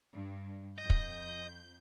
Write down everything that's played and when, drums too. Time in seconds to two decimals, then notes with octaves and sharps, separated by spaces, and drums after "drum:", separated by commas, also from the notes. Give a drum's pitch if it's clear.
0.12 G2
0.78 F2 D#5 G6
0.90 drum: kick